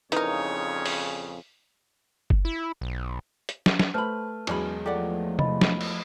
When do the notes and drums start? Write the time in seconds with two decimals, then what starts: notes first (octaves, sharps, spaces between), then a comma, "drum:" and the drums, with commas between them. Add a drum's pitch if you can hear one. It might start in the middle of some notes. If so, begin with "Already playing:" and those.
0.12 F2 A#2 C#3 E3 D#4 A#4 C#5, drum: hi-hat
0.86 drum: open hi-hat
2.30 drum: kick F#1
2.45 E4
2.81 B1
3.49 drum: hi-hat
3.66 drum: snare
3.79 drum: snare
3.94 A3 B4 C5 A5 B5 F6
4.47 E2 F#3 G#3 C#4 D5 B5, drum: cymbal
4.86 F3 A3 F4 G4 A4 D5 F#5
5.39 D#5 B5, drum: tom C3
5.61 drum: snare
5.81 drum: cymbal